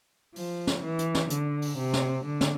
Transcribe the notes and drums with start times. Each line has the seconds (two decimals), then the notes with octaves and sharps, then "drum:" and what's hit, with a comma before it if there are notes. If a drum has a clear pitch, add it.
0.36 F3, drum: open hi-hat
0.67 drum: snare
0.83 E3
0.99 drum: hi-hat
1.15 drum: snare
1.30 D3, drum: hi-hat
1.62 drum: open hi-hat
1.78 C3
1.93 drum: snare
2.25 D3
2.41 drum: snare